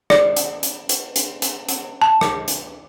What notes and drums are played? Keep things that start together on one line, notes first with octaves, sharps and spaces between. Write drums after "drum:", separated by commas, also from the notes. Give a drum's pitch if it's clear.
D5, drum: rim click
drum: hi-hat
drum: hi-hat
drum: hi-hat
drum: hi-hat
drum: hi-hat
drum: hi-hat
A5
drum: rim click
drum: hi-hat